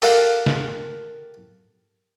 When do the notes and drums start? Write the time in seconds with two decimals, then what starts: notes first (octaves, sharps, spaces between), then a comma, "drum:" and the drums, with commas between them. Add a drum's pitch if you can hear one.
0.02 G4 A4 A#4 F5 F#5, drum: open hi-hat
0.46 drum: snare